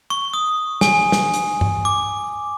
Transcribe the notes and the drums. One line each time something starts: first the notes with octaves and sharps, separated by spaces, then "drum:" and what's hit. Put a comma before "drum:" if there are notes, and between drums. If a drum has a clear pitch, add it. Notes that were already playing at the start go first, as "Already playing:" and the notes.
C#6
D#6
G#5, drum: snare
drum: snare
drum: hi-hat
drum: tom G2
D6